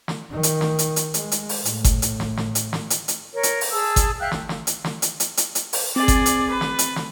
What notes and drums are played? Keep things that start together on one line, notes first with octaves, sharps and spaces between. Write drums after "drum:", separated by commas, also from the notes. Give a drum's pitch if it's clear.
drum: snare
D#3
drum: hi-hat
drum: snare
drum: hi-hat
drum: hi-hat
G#3, drum: hi-hat
drum: hi-hat
drum: open hi-hat
A2, drum: hi-hat
drum: kick G1, hi-hat
drum: hi-hat
drum: snare
drum: snare
drum: hi-hat
drum: snare
drum: hi-hat
drum: hi-hat
A#4 C#5
drum: hi-hat
drum: open hi-hat
G#4 A5 E6
drum: kick G1, hi-hat
E5 F5 G5 F#6
drum: snare
drum: snare
drum: hi-hat
drum: snare
drum: hi-hat
drum: hi-hat
drum: hi-hat
drum: hi-hat
drum: open hi-hat
C4 G#4 D5 A6
drum: kick G1, hi-hat
drum: hi-hat
B4
drum: snare
drum: hi-hat
drum: snare